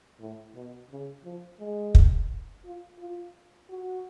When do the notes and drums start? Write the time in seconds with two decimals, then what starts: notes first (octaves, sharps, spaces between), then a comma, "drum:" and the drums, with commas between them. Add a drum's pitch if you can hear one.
0.20 A2
0.55 B2
0.91 C#3
1.24 F3
1.60 G#3
1.95 drum: kick
2.65 F4
2.99 F4
3.70 F#4